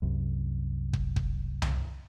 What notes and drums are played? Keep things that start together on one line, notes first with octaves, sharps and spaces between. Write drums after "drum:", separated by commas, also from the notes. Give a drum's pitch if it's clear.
C2 F#2
drum: kick
drum: kick
drum: tom C2